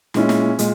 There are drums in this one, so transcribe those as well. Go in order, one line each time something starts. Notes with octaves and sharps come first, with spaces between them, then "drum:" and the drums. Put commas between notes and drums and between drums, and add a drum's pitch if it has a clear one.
A#2 G#3 C#4 E4, drum: snare
drum: snare
A#2 G#3, drum: hi-hat